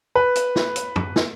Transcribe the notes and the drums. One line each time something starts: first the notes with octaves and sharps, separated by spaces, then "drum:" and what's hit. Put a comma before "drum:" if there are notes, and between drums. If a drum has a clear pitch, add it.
B4
drum: hi-hat
drum: snare
drum: hi-hat
drum: tom
drum: snare